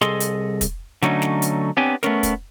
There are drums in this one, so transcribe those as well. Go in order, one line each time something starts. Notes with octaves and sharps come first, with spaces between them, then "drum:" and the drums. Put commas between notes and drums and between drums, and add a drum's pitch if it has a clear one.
C2 G#4 A4 D#5 C6, drum: snare
drum: hi-hat
drum: kick, hi-hat
D3 F#3 A3 C#4 D#4, drum: snare
drum: snare
drum: hi-hat
B3 C4 D4 G4 C#5 G#5
A3 B3 C#4 A#4, drum: snare
drum: kick, hi-hat